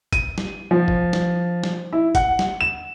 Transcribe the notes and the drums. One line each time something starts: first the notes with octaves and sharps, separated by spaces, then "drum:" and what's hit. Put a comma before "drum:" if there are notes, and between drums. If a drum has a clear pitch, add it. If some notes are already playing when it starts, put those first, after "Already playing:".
D#7, drum: kick G1, hi-hat
drum: snare
F3
drum: kick G1
drum: snare
drum: snare
E4
F#5, drum: kick G1, hi-hat
drum: snare
E7